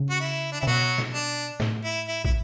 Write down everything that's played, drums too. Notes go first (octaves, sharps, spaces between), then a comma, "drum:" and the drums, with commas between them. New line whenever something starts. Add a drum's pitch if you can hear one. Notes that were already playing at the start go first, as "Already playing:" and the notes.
Already playing: C#3
F#4
E4
D4
C#3 E4
B2 F#3 F#4
drum: snare
D4
A2, drum: snare
E4
E4
E4, drum: kick